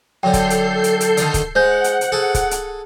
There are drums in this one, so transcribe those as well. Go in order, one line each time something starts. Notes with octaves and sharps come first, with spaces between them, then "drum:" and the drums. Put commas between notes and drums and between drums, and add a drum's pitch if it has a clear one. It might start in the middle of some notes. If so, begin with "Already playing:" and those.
F#2 D3 A4 G5 G6 C7
drum: kick, hi-hat
drum: hi-hat
drum: hi-hat
drum: hi-hat
D3 D#3, drum: hi-hat
drum: kick, hi-hat
G#3 C5 F#5 G6
drum: hi-hat
drum: hi-hat
G#4 A4
drum: kick, hi-hat
drum: hi-hat